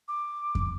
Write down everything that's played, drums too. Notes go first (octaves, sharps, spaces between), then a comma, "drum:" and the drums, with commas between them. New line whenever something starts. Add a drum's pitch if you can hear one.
D6
drum: kick F2